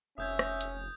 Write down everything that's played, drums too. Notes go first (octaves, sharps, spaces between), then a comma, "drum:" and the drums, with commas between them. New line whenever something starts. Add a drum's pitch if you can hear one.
F1 C#4 E5 D#6 G6 G#6
drum: rim click
drum: hi-hat